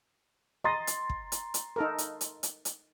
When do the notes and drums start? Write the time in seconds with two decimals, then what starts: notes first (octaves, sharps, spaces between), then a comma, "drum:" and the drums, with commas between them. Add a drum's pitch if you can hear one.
0.64 D#5 A#5 C6 A6
0.87 drum: hi-hat
1.10 drum: kick
1.32 drum: hi-hat
1.54 drum: hi-hat
1.76 D#4 A4 A#4
1.98 drum: hi-hat
2.21 drum: hi-hat
2.43 drum: hi-hat
2.65 drum: hi-hat